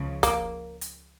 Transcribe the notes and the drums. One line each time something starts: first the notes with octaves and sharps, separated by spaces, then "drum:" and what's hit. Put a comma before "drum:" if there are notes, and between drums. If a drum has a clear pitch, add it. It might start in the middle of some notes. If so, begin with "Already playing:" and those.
Already playing: C#2 C#3 F3
A#3, drum: kick, hi-hat
drum: hi-hat